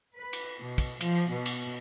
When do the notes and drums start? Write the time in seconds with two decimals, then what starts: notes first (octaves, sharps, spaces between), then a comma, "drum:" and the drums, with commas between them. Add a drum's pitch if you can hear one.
0.17 B4
0.33 drum: cymbal
0.60 B2
0.78 drum: kick, cymbal
1.01 F3, drum: cymbal
1.30 B2
1.46 drum: cymbal